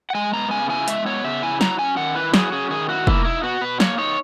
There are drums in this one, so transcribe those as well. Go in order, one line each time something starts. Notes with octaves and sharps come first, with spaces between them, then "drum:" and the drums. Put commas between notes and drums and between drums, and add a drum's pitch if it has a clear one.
F#5
G#3 G#5
B3 A#5
C#3 G#5
E4 G#5
G#3 E5, drum: hi-hat
B3 C#5
C#3 E5
E4 G#5
F#3 A#5, drum: snare
C#4 G#5
D#3 F#5
E4 B4
F#3 G#4, drum: snare
C#4 G#4
D#3 G#4
E4 F#4
A#3 E4, drum: kick
D#4 E4
B2 F#4
B2 B4
A#3 C#5, drum: snare
D#4 C#5